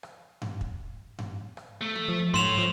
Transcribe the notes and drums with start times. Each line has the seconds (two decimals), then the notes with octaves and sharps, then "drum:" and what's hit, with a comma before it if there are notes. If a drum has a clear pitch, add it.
0.03 drum: rim click
0.42 drum: tom G2
0.61 drum: kick
1.19 drum: tom G2
1.57 drum: rim click
1.81 A3
1.96 drum: tom
2.08 F3
2.34 G#2 A3 C#5 C6 E7 F7
2.58 F3